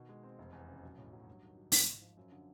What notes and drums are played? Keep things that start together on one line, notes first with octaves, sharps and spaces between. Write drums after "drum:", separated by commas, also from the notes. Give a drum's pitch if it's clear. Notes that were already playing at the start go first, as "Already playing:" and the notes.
Already playing: B2 D#3
G#3
C4
F1
E2
C#3
B1
A2
F#3
G2
D#3
F#3
G#1, drum: open hi-hat
G#2
F3
F#2
D3